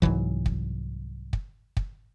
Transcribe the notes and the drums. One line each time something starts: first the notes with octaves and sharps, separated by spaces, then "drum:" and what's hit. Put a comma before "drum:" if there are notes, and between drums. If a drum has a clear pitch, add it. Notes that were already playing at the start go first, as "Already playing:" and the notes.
C2 G#2 E3 F#3, drum: kick
drum: kick
drum: kick
drum: kick